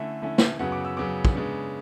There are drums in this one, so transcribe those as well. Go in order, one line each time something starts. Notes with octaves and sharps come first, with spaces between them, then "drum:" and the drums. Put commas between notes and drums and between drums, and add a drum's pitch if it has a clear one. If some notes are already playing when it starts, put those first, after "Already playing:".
Already playing: D3 A3 C#4 E4 E5
D3 A3 C#4 E4
drum: snare
F#2 C#3 F#3 B3 F#5
D6
E6
F#2 C#3 F#3 B3 D6
drum: kick
C#3 G#3 B3 D4